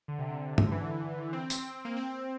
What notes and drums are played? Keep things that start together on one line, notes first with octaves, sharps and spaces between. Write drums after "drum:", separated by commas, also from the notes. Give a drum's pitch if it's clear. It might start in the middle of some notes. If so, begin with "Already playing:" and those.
D3
C3
D3
drum: tom G2
E3
D3
E3
C4
drum: tambourine
A#3
C4